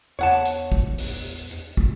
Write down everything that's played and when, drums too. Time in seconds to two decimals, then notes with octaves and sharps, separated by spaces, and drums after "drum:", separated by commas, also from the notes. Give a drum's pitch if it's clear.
0.19 E2 C#5 F#5 A5
0.45 drum: hi-hat
0.72 drum: kick
0.98 drum: open hi-hat
1.51 drum: hi-hat
1.77 drum: kick